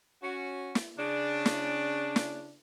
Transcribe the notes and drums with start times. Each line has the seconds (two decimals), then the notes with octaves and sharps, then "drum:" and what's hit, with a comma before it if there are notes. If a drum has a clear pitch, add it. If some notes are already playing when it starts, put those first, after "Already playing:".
0.23 C#4 F#4
0.75 drum: snare
0.98 C#3 D4
1.45 drum: snare
2.16 drum: snare